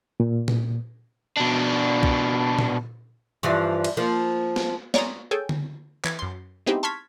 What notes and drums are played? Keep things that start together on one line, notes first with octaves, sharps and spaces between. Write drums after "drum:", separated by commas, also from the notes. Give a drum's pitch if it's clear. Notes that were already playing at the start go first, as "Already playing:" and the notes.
A#2
drum: tom A#2
B2 D4
drum: kick
drum: tom A#2
G2 E3 F3
drum: cymbal
F3 A#3
drum: snare
C#5 D5 A#5 C6 D#6, drum: snare
G#4 A4 C#5 G5 G#5
drum: tom D3
E3 G#6, drum: clap
F#2 C6
G#3 B3 C4 D#4 E4 G4
A5 C6 C#6 F6 G#6 B6